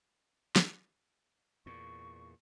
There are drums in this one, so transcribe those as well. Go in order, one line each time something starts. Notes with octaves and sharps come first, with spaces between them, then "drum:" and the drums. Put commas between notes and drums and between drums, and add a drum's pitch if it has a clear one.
drum: snare
E2 A#2 C#6